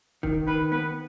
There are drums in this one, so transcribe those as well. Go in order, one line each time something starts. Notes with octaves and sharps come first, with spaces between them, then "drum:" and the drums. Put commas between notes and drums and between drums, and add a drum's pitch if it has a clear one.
D#3, drum: kick
D#3 B4
B3 B4